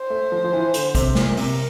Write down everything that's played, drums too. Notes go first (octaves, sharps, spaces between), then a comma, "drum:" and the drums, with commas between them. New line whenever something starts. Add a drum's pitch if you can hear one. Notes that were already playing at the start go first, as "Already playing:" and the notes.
Already playing: C5
A3
F3
F3
E3
D3, drum: hi-hat
C3, drum: kick, hi-hat
A#2 A#4, drum: snare
C3, drum: open hi-hat